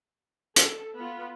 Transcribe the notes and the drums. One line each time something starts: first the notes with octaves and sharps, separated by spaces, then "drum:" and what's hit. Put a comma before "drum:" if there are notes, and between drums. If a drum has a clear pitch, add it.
A4, drum: hi-hat
B3 F4